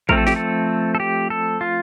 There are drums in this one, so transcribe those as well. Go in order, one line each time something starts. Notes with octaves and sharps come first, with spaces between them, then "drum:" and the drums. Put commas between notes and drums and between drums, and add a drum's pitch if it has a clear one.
F3 A3 C4 A#4, drum: kick A1
A4
G4, drum: snare
A4
A4
G4
A4
F4